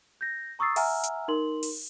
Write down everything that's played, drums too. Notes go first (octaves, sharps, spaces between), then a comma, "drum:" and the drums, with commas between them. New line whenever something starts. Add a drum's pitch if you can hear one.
G6 A#6
A#5 C#6 D#6 E6 A6 C7
E5 F#5 G#5 A#5 E6 F6, drum: open hi-hat
drum: hi-hat
D#4 A#4 C6 F#7
drum: open hi-hat